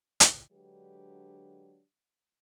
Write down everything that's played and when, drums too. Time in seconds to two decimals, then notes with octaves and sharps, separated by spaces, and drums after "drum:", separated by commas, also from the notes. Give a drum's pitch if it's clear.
0.20 drum: hi-hat
0.52 D3 F#3 G#3 D4 G4 B4